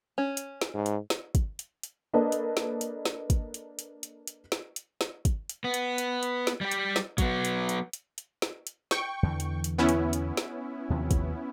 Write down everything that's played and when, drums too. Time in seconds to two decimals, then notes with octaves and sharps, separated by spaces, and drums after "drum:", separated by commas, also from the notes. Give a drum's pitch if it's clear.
0.18 C#4
0.37 drum: hi-hat
0.61 drum: snare
0.74 G#2
0.86 drum: hi-hat
1.10 drum: snare
1.35 drum: kick, hi-hat
1.59 drum: hi-hat
1.83 drum: hi-hat
2.14 A#3 D4 A4 B4 D#5 A5
2.32 drum: hi-hat
2.57 drum: snare
2.81 drum: hi-hat
3.05 drum: snare
3.30 drum: kick, hi-hat
3.54 drum: hi-hat
3.79 drum: hi-hat
4.03 drum: hi-hat
4.27 drum: hi-hat
4.52 drum: snare
4.76 drum: hi-hat
5.01 drum: snare
5.25 drum: kick, hi-hat
5.49 drum: hi-hat
5.64 B3
5.74 drum: hi-hat
5.98 drum: hi-hat
6.23 drum: hi-hat
6.47 drum: snare
6.61 G3 G4
6.71 drum: hi-hat
6.96 drum: snare
7.18 F#3 B3, drum: kick, hi-hat
7.45 drum: hi-hat
7.69 drum: hi-hat
7.93 drum: hi-hat
8.18 drum: hi-hat
8.42 drum: snare
8.67 drum: hi-hat
8.91 G5 C#6, drum: snare
9.23 E2 D3 E3
9.40 drum: hi-hat
9.64 drum: hi-hat
9.78 B3 C#4 E4
9.89 drum: hi-hat
10.13 drum: hi-hat
10.37 drum: snare
10.90 D#2 C3 F3
11.11 drum: kick, hi-hat